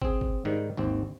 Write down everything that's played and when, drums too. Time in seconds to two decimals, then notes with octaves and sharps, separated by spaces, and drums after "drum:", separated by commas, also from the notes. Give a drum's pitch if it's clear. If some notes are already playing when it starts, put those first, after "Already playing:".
0.02 C4 G#4, drum: kick
0.21 drum: kick
0.45 G#2 D#3 G3
0.77 G#1 D#2 C4